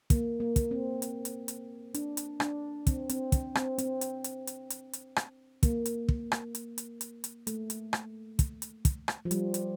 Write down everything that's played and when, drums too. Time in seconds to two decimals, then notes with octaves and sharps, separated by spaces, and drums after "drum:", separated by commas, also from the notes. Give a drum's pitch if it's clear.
0.10 A#3, drum: kick, hi-hat
0.40 A#3
0.56 drum: kick, hi-hat
0.71 C4
1.02 drum: hi-hat
1.25 drum: hi-hat
1.48 drum: hi-hat
1.94 D4, drum: hi-hat
2.17 drum: hi-hat
2.40 D4, drum: rim click
2.87 C4, drum: kick, hi-hat
3.09 C4, drum: hi-hat
3.32 drum: kick, hi-hat
3.55 C4, drum: rim click
3.78 C4, drum: hi-hat
4.01 drum: hi-hat
4.24 drum: hi-hat
4.47 drum: hi-hat
4.70 drum: hi-hat
4.93 drum: hi-hat
5.16 drum: rim click
5.63 A#3, drum: kick, hi-hat
5.86 drum: hi-hat
6.09 drum: kick
6.32 drum: rim click
6.55 drum: hi-hat
6.78 drum: hi-hat
7.01 drum: hi-hat
7.24 drum: hi-hat
7.47 A3, drum: hi-hat
7.70 drum: hi-hat
7.93 drum: rim click
8.39 drum: kick, hi-hat
8.62 drum: hi-hat
8.85 drum: kick, hi-hat
9.08 drum: rim click
9.25 F3
9.31 G3, drum: hi-hat
9.54 drum: hi-hat